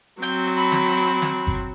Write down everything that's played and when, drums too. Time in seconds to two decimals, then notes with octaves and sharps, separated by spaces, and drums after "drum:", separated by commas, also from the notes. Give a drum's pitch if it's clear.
0.22 F#3 C4 G6, drum: hi-hat
0.47 drum: hi-hat
0.56 B5
0.72 drum: snare
0.97 drum: hi-hat
1.22 drum: snare
1.47 drum: kick G1